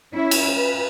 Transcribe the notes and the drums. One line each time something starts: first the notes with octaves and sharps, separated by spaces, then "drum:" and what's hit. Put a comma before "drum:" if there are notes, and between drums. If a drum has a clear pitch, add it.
C#4 E4
drum: cymbal
B4